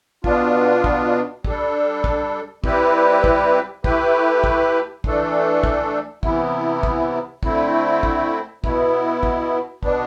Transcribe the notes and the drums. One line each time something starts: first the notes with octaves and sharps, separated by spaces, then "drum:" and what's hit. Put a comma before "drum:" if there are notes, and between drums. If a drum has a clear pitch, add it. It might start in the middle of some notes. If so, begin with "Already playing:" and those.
B2 B3 D4 F4, drum: kick
drum: kick
G3 D4 A4, drum: kick
drum: kick
G3 C4 E4 G4 B4, drum: kick
drum: kick
A3 E4 G4 B4, drum: kick
drum: kick
E3 A3 D4 A4, drum: kick
drum: kick
C3 E3 B3 E4, drum: kick
drum: kick
D3 A3 C4 E4, drum: kick
drum: kick
B2 B3 E4, drum: kick
drum: kick
B2 B3 D4, drum: kick